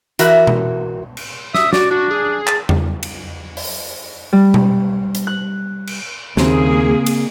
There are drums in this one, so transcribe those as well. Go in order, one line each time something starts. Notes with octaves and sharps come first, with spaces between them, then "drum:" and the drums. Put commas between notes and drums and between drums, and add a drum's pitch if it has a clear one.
E3 F#4 A#4 E5, drum: hi-hat
drum: tom B2
drum: cymbal
E5 D#6, drum: snare
F#4 D5, drum: snare
D4 F#4
G#4
A5, drum: clap
drum: tom E2
drum: cymbal
drum: open hi-hat
G3
drum: tom B2
drum: hi-hat
F#6
drum: cymbal
D#2 C#3 A#3 C4 G#4, drum: snare
drum: cymbal